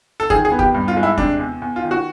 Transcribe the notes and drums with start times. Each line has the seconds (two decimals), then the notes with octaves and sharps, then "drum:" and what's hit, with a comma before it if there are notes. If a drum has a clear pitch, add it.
0.20 A4
0.30 D#3 G#4, drum: kick
0.45 G#4
0.52 B3
0.59 G4, drum: kick
0.75 G2
0.88 F4
0.96 G#3
1.03 E4
1.18 C3 D4, drum: kick
1.39 E2
1.62 E2
1.76 F4
1.84 D#3
1.91 F#4